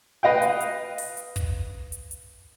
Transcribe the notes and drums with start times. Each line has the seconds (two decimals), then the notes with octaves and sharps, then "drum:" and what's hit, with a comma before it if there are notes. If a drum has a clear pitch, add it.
0.23 B4 D#5 F5 G5
0.42 drum: hi-hat
0.61 drum: hi-hat
0.98 drum: open hi-hat
1.17 drum: hi-hat
1.36 drum: kick, hi-hat
1.92 drum: hi-hat
2.11 drum: hi-hat